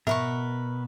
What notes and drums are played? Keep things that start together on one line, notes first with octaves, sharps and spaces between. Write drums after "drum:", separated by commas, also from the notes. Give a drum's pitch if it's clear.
B2 A#4 B4 E5 C#6, drum: tom G#2